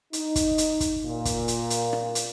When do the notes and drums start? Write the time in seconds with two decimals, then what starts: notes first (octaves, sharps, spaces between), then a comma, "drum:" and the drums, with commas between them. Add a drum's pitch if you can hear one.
0.13 D#4, drum: hi-hat
0.36 drum: kick, hi-hat
0.58 drum: hi-hat
0.80 drum: kick, hi-hat
1.05 A#2
1.25 drum: kick, hi-hat
1.48 drum: hi-hat
1.70 drum: hi-hat
1.93 drum: rim click
2.15 drum: hi-hat